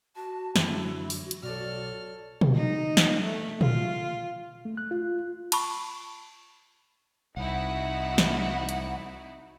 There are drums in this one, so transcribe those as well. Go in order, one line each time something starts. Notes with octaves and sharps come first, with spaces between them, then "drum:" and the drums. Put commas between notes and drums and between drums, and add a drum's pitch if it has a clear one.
F#4 A5
F#2 D3 F#3 E4 F#4, drum: snare
drum: open hi-hat
drum: hi-hat
B1 A4 C#5 D5 F6
drum: tom B2
D#4
drum: snare
A3
F4, drum: tom A#2
A3
F#6
F4
A5 B5 C#6, drum: cymbal
C2 D#4 E4 F#4 F#5
drum: snare
drum: hi-hat